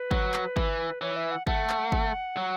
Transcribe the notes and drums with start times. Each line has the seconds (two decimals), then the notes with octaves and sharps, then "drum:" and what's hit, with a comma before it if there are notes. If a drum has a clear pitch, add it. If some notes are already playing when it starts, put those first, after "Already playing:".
Already playing: B4
0.11 F#3, drum: kick
0.34 drum: clap
0.56 E3, drum: kick
1.01 E3 C#5
1.16 E5
1.31 F#5
1.47 A3 F#5, drum: kick
1.70 drum: clap
1.92 drum: kick
2.37 F#3